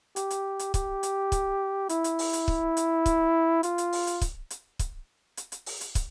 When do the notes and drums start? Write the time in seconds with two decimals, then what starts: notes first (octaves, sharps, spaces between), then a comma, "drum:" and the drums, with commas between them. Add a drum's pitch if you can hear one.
0.16 G4, drum: hi-hat
0.30 drum: hi-hat
0.59 drum: hi-hat
0.74 G4, drum: kick, hi-hat
1.03 drum: hi-hat
1.32 drum: kick, hi-hat
1.89 E4, drum: hi-hat
2.04 drum: hi-hat
2.19 drum: open hi-hat
2.33 drum: hi-hat
2.48 drum: kick
2.77 drum: hi-hat
3.06 drum: kick, hi-hat
3.63 F4, drum: hi-hat
3.78 drum: hi-hat
3.93 drum: open hi-hat
4.07 drum: hi-hat
4.21 drum: kick, hi-hat
4.50 drum: hi-hat
4.79 drum: kick, hi-hat
5.37 drum: hi-hat
5.52 drum: hi-hat
5.66 drum: open hi-hat
5.81 drum: hi-hat
5.95 drum: kick, hi-hat